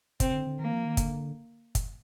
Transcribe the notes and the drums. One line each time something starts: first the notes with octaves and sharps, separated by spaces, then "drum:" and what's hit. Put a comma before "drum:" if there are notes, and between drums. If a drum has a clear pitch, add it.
C3 C4, drum: kick, hi-hat
D3
D3
D#3 A#3
F3
D#3
D3, drum: kick, hi-hat
drum: kick, hi-hat